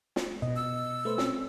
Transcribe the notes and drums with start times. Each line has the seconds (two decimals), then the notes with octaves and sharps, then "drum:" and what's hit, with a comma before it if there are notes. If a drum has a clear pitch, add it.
0.16 drum: snare
0.42 B2 D#5
0.56 E6
1.05 A3 B4 C5
1.18 C4 C#4, drum: snare